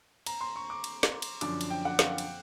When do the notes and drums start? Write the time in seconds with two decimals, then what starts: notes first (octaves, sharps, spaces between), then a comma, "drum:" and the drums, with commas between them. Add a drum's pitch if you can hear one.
0.26 A#5, drum: cymbal
0.41 C6
0.56 C#6
0.70 D6
0.84 drum: cymbal
1.03 drum: snare
1.22 drum: cymbal
1.41 F#2 D3 F3 D6, drum: cymbal
1.61 drum: cymbal
1.70 G5
1.85 F#5
1.99 F5, drum: snare
2.18 drum: cymbal